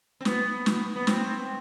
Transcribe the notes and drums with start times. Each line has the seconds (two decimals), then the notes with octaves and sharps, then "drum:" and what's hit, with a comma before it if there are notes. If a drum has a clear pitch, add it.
0.21 C4
0.25 B3, drum: snare
0.66 drum: snare
0.96 B3
1.07 C4, drum: snare